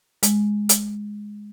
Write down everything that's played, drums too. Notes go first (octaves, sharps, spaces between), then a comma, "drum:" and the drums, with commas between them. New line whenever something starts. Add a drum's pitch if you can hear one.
G#3, drum: hi-hat
drum: hi-hat